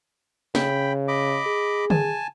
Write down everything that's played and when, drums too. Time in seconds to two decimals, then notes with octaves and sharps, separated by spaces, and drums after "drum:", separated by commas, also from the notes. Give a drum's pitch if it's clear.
0.55 C#3 G5 B5, drum: snare
1.08 D#5 B5 D6
1.46 G#4
1.90 G#5 A5, drum: tom